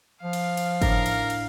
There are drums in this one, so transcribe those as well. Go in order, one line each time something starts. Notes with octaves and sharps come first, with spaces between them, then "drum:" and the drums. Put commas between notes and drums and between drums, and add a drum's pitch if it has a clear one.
F3 F5
drum: cymbal
drum: cymbal
A2 D4 A#4, drum: kick, cymbal
drum: cymbal
drum: cymbal